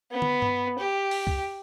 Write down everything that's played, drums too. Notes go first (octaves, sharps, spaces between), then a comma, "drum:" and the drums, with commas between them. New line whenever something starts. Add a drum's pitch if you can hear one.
B3
drum: tom
drum: tom G2
G4
drum: open hi-hat
drum: kick C2